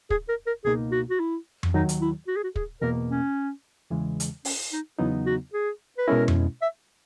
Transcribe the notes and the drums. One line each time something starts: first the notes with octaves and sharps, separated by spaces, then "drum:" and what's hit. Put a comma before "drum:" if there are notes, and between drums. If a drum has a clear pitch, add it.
G#4, drum: kick
A#4
A#4
C#2 B2 A#3 D#4 G#4
F#4
F#4
E4
drum: tom F2
D#2 D#3 F#3 D#4
drum: hi-hat
E4
F#4
G#4
F#4
G#4, drum: kick
E2 B2 A#3 A#4
C#4
E2 C#3 E3 G#3
drum: hi-hat
C#4, drum: open hi-hat
D#4
E2 C#3 F#3 B3 D#4 E4
F#4
G#4
B4
B2 G#3 C#4 E4 A#4
drum: tom F2
E5